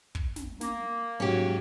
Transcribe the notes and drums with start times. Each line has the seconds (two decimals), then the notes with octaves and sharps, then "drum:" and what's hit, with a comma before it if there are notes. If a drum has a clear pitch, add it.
0.15 drum: kick
0.36 drum: snare
0.61 A#3, drum: snare
1.20 G#2 F#3 C#4 G4